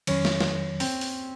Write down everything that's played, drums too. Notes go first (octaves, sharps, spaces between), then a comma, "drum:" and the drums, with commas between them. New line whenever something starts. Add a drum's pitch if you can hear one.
F2 D#3 F#3 C#4, drum: cymbal
drum: snare
drum: snare
C4, drum: open hi-hat
drum: open hi-hat